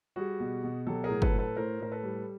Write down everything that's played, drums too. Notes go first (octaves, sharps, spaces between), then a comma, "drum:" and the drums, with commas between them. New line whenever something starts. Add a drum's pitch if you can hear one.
G3 F#4 G#4
B2
B2
F#3 G4 A4
G#4 A#4
A2
A4 B4, drum: kick
A2
A4 B4
A2 A#4 C5
A2 A#4
A4 B4
G3